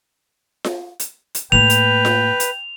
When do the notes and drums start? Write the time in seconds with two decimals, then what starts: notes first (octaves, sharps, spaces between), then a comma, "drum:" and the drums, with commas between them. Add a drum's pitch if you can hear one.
0.64 drum: snare F4
1.00 drum: hi-hat
1.35 drum: hi-hat
1.52 A2 A#3 B4 G5 F7
1.70 drum: hi-hat
2.05 drum: snare F4
2.40 drum: hi-hat